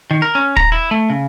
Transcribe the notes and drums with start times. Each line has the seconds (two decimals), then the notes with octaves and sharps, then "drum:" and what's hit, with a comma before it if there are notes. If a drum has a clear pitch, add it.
0.11 D#3
0.22 A#4
0.35 C#4
0.57 A#5, drum: kick
0.72 E4
0.91 A3
1.10 C#3